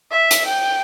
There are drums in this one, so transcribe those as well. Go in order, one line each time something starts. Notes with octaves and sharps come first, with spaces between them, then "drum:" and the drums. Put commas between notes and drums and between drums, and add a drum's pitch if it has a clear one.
E5
drum: hi-hat
G5